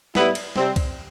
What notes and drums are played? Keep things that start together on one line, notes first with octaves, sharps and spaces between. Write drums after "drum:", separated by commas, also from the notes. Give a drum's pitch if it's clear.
A2 G3 B3 E4, drum: snare
drum: cymbal
C3 G3 C4, drum: snare
drum: kick C2, cymbal